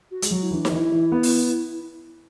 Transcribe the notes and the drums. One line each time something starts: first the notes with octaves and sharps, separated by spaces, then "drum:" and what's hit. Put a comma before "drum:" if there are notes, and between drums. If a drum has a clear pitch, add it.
F#4
G#3, drum: hi-hat
F#3 F#4
E4
E3 D4
E4, drum: snare D#4
E3
E3
B3
drum: open hi-hat